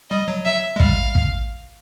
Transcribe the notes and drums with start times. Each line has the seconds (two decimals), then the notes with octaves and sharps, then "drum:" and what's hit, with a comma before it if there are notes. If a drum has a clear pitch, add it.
0.10 G3 D#5
0.28 F#3
0.45 F#3 E5
0.76 G#3
0.80 G3 F5, drum: kick
1.15 drum: kick